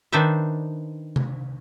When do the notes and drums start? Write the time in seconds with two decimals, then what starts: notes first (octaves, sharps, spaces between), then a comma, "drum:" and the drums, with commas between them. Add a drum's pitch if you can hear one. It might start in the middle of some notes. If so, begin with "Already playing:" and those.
0.12 D#3 D4 D#4 B4 C5 E5
1.16 drum: tom C3